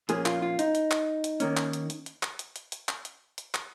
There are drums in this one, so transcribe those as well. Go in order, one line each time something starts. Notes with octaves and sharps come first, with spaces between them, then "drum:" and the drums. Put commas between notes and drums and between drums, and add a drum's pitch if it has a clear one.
A#2 F3 A#3 C#4 G#4, drum: hi-hat
F4, drum: clap
F4
D#4, drum: hi-hat
drum: hi-hat
drum: clap
drum: hi-hat
D#2 D#3 A#3 C#4, drum: hi-hat
drum: clap
drum: hi-hat
drum: hi-hat
drum: hi-hat
drum: clap
drum: hi-hat
drum: hi-hat
drum: hi-hat
drum: clap
drum: hi-hat
drum: hi-hat
drum: clap